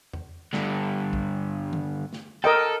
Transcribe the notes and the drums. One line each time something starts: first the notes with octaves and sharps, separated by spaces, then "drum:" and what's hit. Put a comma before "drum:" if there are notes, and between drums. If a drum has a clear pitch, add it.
drum: tom E2
G2 D3, drum: snare
drum: kick B1
drum: tom
drum: snare
A4 A#4 D#5 G5